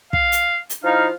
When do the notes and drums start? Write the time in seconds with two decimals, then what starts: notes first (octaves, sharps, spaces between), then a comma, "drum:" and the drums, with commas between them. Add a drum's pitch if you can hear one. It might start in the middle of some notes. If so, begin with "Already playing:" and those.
0.13 F5, drum: kick
0.32 drum: hi-hat
0.70 drum: hi-hat
0.84 F3 D#4 E4 F5